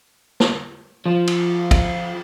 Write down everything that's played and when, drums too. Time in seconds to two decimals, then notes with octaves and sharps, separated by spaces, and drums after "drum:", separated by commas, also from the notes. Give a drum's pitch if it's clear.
0.40 drum: snare
1.06 F3
1.27 drum: cymbal
1.71 drum: kick, cymbal